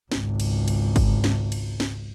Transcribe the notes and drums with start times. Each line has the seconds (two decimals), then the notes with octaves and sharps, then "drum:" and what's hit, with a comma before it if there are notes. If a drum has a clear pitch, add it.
0.12 G#1 C#2, drum: snare
0.40 drum: cymbal
0.68 drum: cymbal
0.96 drum: kick, cymbal
1.24 drum: snare
1.52 drum: cymbal
1.80 drum: snare